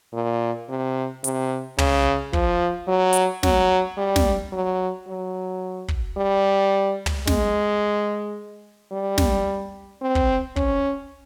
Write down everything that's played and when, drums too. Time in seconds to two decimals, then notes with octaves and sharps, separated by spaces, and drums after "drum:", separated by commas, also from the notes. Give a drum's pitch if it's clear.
0.13 A#2
0.69 C3
1.24 C3, drum: hi-hat
1.78 C#3, drum: tom
2.33 F3, drum: kick
2.88 F#3
3.13 drum: hi-hat
3.43 F#3, drum: snare
3.98 G3
4.16 drum: snare
4.52 F#3
5.08 F#3
5.88 drum: kick
6.17 G3
7.06 drum: tom
7.27 G#3, drum: snare
8.92 G3
9.18 drum: snare
10.01 C4
10.15 drum: kick
10.56 C#4, drum: kick